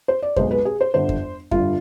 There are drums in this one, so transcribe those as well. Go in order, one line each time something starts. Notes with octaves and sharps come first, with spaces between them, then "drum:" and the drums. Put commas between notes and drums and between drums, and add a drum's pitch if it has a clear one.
C5
D5
B1 B2 G#3 C5, drum: kick F2
B4
G#4
C5
G1 G2 D3 C5
drum: kick F2
G1 G2 D3 F4, drum: kick F2